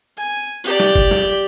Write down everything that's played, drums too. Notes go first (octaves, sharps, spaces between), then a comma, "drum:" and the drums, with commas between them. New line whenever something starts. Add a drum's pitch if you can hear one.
G#5
G4 D5
drum: snare
drum: kick
drum: snare